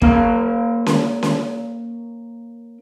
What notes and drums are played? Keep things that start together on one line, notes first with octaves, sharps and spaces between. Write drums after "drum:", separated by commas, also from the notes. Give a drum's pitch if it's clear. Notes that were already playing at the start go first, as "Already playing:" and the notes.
A#3 C#4 A#4 F5, drum: kick
drum: snare C#4
drum: snare C#4